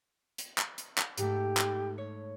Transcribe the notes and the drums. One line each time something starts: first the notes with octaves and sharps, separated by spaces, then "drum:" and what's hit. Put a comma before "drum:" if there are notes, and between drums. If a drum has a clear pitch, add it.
drum: hi-hat
drum: clap
drum: hi-hat
drum: clap
G#2 A3 G4, drum: hi-hat
drum: clap
C#5